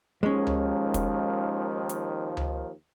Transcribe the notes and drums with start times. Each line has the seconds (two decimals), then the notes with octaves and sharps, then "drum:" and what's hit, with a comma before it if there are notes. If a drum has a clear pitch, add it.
0.23 D#2 D#3 F3 G#3 C#4
0.47 drum: tom C#2
0.94 drum: kick, hi-hat
1.89 drum: hi-hat
2.37 drum: tom C#2